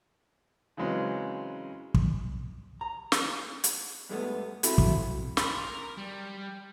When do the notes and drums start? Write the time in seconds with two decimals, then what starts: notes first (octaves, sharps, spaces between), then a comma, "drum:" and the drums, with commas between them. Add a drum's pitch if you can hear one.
0.77 C#3 E3 F#3 G#3 C4 C#4
1.94 drum: kick
2.81 A#5
3.12 drum: snare
3.64 drum: hi-hat
4.09 G2 G#3 A3 B3
4.63 C4 E4 F#4 A4, drum: hi-hat
4.78 drum: kick
5.37 A#4 B5 C6 D6 A6, drum: snare
5.97 G3